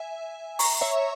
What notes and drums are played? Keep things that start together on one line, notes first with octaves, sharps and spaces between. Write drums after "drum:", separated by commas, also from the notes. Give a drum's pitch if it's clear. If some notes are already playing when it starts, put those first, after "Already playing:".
Already playing: E5 G#5
A#5 C#6, drum: open hi-hat
C#5 E5